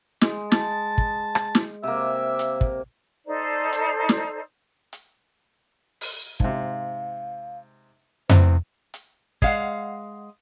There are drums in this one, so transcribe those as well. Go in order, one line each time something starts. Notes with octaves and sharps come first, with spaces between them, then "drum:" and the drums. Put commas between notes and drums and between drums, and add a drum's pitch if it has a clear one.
G#3, drum: snare
A5, drum: snare
drum: kick
drum: rim click
drum: snare
C3 A#3 E5
drum: hi-hat
drum: kick
D#4 A4 C5 D5
drum: hi-hat
drum: snare
drum: hi-hat
drum: open hi-hat
G#2 C3 F5, drum: kick
E2 C4 C5, drum: tom F2
drum: hi-hat
G#3 F5 F#5, drum: kick